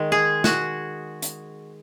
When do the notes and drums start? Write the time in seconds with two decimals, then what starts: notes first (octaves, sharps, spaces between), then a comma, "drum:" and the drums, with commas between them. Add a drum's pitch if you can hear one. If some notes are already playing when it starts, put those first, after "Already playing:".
Already playing: D#3 G#3
0.12 G#4
0.44 F#4, drum: snare
1.22 drum: hi-hat